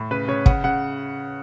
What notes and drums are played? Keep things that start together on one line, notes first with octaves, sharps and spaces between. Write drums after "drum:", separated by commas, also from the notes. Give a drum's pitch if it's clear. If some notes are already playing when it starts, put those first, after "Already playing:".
Already playing: A2
C#3 B4
C#3 C#5
C#3 F#5, drum: kick
C#3 F#5